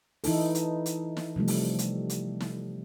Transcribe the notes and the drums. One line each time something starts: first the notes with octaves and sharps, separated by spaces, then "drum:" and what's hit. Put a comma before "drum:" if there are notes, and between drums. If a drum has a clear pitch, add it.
E3 D#4 E4 A4, drum: open hi-hat
drum: hi-hat
drum: hi-hat
drum: snare
C3 F3 G3 A3
drum: open hi-hat
drum: hi-hat
drum: hi-hat
drum: snare